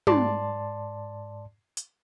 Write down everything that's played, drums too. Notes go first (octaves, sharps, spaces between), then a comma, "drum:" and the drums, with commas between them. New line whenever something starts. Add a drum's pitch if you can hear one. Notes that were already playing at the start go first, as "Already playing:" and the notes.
G#2 D5 A5 C6, drum: tom
drum: hi-hat